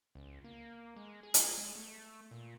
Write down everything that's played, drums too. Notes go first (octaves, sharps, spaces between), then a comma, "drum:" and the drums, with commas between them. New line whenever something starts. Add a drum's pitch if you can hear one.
C#2
A#3
G#3
G#4
drum: hi-hat
G#3
A3
A#2